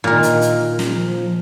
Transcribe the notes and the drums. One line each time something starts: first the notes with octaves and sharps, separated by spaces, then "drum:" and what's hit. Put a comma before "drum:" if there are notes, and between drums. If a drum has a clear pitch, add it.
A#2 D#3 A#4
drum: hi-hat
drum: hi-hat
drum: snare
F3